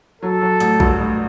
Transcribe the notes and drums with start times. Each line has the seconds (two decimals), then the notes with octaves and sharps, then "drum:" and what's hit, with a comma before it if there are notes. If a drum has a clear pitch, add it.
0.22 F#3 A4
0.42 F#3
0.60 A1, drum: hi-hat
0.80 G2, drum: kick A#1
1.00 A1